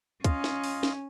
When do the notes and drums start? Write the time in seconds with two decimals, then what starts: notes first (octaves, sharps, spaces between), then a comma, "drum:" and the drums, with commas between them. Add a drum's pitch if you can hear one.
0.24 C#4 F4 D#5 F5, drum: kick, hi-hat
0.44 drum: snare
0.64 drum: open hi-hat
0.83 drum: snare